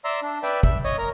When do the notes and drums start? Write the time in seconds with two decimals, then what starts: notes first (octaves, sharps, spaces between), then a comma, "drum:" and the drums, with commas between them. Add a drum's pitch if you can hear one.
0.05 D5 E5 A#5 C6 E6
0.23 D4
0.43 B4 D5 E5 G5, drum: hi-hat
0.63 E5, drum: kick
0.84 C#5 D#5, drum: hi-hat
0.98 A#4 A#5